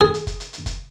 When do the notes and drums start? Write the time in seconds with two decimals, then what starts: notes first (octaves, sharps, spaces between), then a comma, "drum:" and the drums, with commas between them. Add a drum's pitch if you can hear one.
0.01 G#4
0.14 drum: hi-hat
0.27 drum: kick, hi-hat
0.40 drum: hi-hat
0.53 drum: hi-hat
0.66 drum: kick, hi-hat